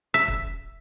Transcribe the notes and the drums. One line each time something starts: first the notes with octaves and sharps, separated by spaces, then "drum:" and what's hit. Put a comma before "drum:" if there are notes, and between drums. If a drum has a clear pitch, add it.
E5
drum: kick